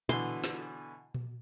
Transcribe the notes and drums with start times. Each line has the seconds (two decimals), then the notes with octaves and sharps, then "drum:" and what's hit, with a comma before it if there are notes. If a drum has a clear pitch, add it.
0.09 B2 D3 E3 C6, drum: tom A#2
0.44 drum: snare
1.14 drum: tom A#2